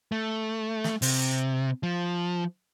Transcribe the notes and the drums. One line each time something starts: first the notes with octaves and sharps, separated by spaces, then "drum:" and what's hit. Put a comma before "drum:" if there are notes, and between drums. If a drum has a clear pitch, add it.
A3
drum: snare
C3, drum: open hi-hat
F3